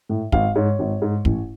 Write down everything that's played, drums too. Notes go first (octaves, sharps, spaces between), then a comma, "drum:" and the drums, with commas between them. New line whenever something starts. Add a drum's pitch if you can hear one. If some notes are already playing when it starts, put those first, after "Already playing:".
A2
G#1 F5, drum: kick
G#2 C#5
G#1
G#2
A1, drum: kick